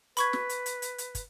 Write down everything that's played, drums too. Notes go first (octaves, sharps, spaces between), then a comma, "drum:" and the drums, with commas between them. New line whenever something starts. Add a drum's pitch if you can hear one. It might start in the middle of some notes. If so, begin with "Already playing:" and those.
B4 B5 C#6 G#6, drum: hi-hat
drum: snare
drum: hi-hat
drum: hi-hat
drum: hi-hat
drum: hi-hat
drum: kick, hi-hat